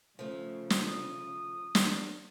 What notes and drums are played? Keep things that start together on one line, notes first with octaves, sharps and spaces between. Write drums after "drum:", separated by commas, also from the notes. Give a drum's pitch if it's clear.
C#3 F3 A3
drum: snare
D#6
drum: snare